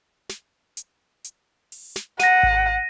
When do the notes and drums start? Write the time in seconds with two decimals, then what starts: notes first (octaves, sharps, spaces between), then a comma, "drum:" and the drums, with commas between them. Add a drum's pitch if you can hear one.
0.29 drum: snare
0.77 drum: hi-hat
1.24 drum: hi-hat
1.72 drum: open hi-hat
1.96 drum: snare
2.20 F#5 A#6 D#7, drum: snare
2.43 drum: kick G#1